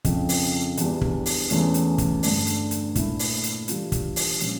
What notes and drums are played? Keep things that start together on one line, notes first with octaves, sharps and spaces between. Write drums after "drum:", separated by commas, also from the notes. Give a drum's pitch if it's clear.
F2 C#3 F3, drum: kick, hi-hat
drum: open hi-hat
E2 E3 G3 D4, drum: hi-hat
drum: kick
drum: open hi-hat
E2 E3 A3 C#4, drum: hi-hat
drum: hi-hat
drum: kick, hi-hat
G2 D3 A3 D4, drum: open hi-hat
drum: hi-hat
drum: hi-hat
A#2 A3 E4, drum: kick, hi-hat
drum: open hi-hat
drum: hi-hat
E3 G3 D4 F4, drum: hi-hat
drum: kick, hi-hat
drum: open hi-hat
A#2 F3 C#4, drum: hi-hat